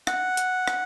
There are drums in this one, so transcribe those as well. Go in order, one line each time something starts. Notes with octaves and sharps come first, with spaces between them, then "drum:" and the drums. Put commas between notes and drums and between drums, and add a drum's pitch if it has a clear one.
F#5, drum: rim click
drum: hi-hat
drum: rim click